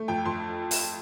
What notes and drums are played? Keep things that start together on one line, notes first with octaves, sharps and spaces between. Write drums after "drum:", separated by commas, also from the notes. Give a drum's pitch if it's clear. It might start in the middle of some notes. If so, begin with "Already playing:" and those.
Already playing: A3
F2 G5
F2 C6
drum: open hi-hat